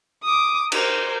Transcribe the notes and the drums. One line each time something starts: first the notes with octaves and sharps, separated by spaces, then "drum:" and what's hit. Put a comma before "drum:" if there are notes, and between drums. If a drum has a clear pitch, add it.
D6 D#6
A#4 C5, drum: cymbal